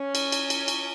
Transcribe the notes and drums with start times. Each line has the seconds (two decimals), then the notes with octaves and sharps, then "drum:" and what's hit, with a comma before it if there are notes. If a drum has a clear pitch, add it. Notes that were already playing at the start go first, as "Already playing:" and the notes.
Already playing: C#4
0.15 drum: cymbal
0.32 drum: cymbal
0.50 drum: cymbal
0.68 drum: cymbal